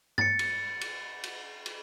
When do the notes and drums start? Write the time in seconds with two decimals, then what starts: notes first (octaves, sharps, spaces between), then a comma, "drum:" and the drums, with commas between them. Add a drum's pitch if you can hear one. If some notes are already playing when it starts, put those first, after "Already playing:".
0.18 A6 C#7, drum: tom G2
0.39 drum: cymbal
0.81 drum: cymbal
1.23 drum: cymbal
1.66 drum: cymbal